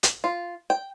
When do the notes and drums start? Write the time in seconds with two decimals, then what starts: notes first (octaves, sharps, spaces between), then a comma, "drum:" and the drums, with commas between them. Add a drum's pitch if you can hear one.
0.03 drum: hi-hat
0.24 F4
0.70 G5